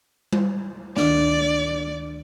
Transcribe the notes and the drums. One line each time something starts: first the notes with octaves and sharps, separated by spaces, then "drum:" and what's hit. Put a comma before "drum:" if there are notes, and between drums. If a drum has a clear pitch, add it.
drum: tom G3
D2 D#3 D4 D5, drum: snare